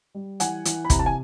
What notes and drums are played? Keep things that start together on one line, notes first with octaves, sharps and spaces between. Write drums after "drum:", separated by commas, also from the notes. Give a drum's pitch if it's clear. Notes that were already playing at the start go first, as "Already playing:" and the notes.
G3
E3 F#5 G#5, drum: hi-hat
E3, drum: hi-hat
B5
C3 A#5, drum: kick, hi-hat
A5
G#5